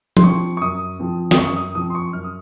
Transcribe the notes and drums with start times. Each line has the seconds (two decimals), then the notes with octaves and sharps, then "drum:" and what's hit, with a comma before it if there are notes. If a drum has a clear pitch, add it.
0.17 C6, drum: tom F3
0.24 F3 C4 C#6
0.57 C#6
0.62 F#2 D#6
0.99 F3 C4
1.31 D#6, drum: snare
1.37 F#2 C#6
1.56 D#6
1.75 F3 C4 D#6
1.90 C6
1.95 C#6
2.13 F#2 F6
2.24 D#6